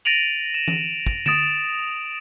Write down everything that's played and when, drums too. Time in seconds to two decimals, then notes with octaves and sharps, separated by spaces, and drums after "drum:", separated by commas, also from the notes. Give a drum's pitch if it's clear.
0.05 A6 A#6 D7 D#7 F7 F#7
0.54 E7
0.68 drum: tom E3
1.06 drum: kick
1.26 D#6 A6 D7 E7, drum: tom D3